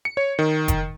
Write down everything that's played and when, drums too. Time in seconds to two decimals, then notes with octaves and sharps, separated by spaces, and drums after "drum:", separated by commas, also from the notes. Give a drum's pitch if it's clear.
0.05 C#7
0.17 C#5
0.39 D#3
0.68 drum: kick F1, hi-hat